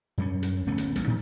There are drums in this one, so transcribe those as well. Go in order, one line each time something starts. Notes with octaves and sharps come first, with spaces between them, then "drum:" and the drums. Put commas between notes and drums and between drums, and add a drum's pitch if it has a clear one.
F#2 F#3 G3 C#4
drum: hi-hat
D1 A3 B3 C#4
drum: hi-hat
A1 G3 B3, drum: hi-hat
A2 D#3 F3